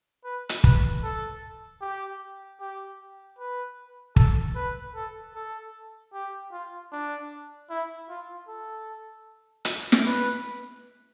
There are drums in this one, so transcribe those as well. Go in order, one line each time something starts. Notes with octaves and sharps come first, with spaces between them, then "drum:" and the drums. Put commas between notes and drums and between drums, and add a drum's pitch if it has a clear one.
B4
drum: hi-hat
B4, drum: kick
A4
G4
G4
B4
A4, drum: kick
B4
A4
A4
G4
F4
D4
E4
F4
A4
drum: hi-hat
drum: snare
B4